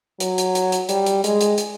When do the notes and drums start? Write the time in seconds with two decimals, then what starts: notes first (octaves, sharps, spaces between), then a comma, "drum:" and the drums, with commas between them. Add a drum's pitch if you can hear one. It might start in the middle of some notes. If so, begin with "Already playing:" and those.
0.20 F#3, drum: hi-hat
0.38 drum: hi-hat
0.55 drum: hi-hat
0.72 drum: hi-hat
0.89 G3, drum: hi-hat
1.06 drum: hi-hat
1.24 G#3, drum: hi-hat
1.41 drum: hi-hat
1.58 drum: hi-hat